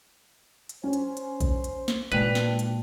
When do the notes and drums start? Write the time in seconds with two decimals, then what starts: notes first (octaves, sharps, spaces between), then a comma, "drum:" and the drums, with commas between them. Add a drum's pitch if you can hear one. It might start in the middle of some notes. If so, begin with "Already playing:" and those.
0.69 drum: hi-hat
0.83 C#4 C5
0.93 drum: hi-hat
1.17 drum: hi-hat
1.40 drum: kick A#1, hi-hat
1.64 drum: hi-hat
1.88 drum: snare
2.12 G#1 A#2 D4 B4 G5 F7, drum: hi-hat
2.35 drum: snare
2.59 drum: hi-hat